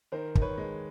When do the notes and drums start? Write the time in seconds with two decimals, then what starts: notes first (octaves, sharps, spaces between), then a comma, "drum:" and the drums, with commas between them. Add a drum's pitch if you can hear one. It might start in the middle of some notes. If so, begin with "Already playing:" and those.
0.12 D#3 A#4 C5
0.35 D#3, drum: kick
0.42 B4 C#5
0.57 G#3